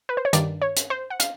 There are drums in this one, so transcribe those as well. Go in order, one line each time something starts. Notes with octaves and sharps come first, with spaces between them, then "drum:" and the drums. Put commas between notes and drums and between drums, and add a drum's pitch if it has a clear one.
B4
C5
C#5
G2 D#3 D5, drum: hi-hat
C#5
drum: hi-hat
C5
F#5
F5, drum: hi-hat